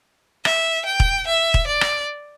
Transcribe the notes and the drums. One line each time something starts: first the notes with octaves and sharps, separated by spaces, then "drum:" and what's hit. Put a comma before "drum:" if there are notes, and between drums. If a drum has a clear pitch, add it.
E5, drum: rim click
G5
drum: kick
E5
drum: kick
D5
drum: rim click